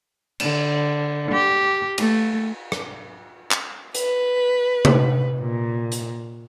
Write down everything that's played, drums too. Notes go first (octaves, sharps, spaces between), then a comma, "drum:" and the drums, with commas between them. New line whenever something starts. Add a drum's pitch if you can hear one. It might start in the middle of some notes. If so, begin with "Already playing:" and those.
D3, drum: cymbal
G4
A3, drum: cymbal
drum: rim click
drum: clap
B4, drum: hi-hat
drum: tom C3
A#2
drum: hi-hat